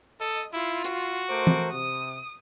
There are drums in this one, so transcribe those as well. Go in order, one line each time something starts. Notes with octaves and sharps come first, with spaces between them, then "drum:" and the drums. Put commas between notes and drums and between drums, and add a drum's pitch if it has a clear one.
A4 D#5
E4 F4
F#4, drum: hi-hat
A3 A#4 C5 D6
drum: tom E3
C3 D#6